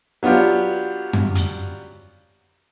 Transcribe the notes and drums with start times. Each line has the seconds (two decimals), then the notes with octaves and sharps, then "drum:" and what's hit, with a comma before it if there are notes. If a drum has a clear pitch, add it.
0.23 F#3 B3 D4 F4 G4
1.13 drum: tom F#2
1.35 drum: hi-hat